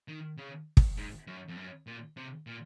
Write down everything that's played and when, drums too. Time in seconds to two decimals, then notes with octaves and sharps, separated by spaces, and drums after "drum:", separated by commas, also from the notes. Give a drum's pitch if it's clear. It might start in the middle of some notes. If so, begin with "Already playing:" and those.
0.08 D#3
0.38 C#3
0.77 drum: kick
0.97 G#2
1.27 F#2
1.48 F2
1.57 F#2
1.87 A#2
2.17 C3
2.47 A#2